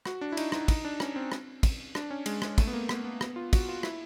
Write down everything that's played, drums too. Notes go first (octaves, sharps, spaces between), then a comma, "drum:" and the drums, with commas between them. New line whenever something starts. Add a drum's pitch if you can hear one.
F#4, drum: rim click
D4
E4
D#4, drum: cymbal
D#4, drum: rim click
D#4, drum: kick, cymbal
D4
C#4, drum: rim click
C4
drum: rim click
drum: kick, cymbal
D4, drum: rim click
C#4
G#3, drum: cymbal
G#3, drum: rim click
A3, drum: kick, cymbal
B3
A#3
B3, drum: rim click
B3
B3, drum: rim click
F4
F#4, drum: kick, cymbal
F4
E4, drum: rim click